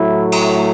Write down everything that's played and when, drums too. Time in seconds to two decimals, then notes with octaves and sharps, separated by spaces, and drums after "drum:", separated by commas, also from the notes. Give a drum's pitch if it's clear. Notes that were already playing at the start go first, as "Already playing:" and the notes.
Already playing: A2 F#3 A3 E4
0.32 drum: cymbal